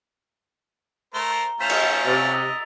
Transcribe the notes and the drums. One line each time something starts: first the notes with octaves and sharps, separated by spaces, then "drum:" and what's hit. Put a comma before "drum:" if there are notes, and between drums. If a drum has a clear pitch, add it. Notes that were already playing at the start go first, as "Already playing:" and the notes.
A3 A#4 C5 A#5 G7
A3 C#4 F4 C5 B6 E7 F7
drum: cymbal
C3 A6 F7
D#5 E6